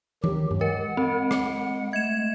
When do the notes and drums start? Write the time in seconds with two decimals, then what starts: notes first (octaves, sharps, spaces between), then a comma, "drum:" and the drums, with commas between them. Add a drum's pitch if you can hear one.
0.24 D#3 F#3 G4, drum: tom E3
0.51 drum: tom G2
0.61 G#3 A#4 F#5
0.97 C4
1.31 drum: rim click
1.93 G#3 A3 G#6 E7